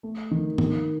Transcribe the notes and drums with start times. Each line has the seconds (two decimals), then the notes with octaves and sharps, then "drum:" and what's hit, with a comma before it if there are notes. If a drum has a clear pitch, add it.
0.03 A3
0.31 D#3
0.58 D#3, drum: tom G#2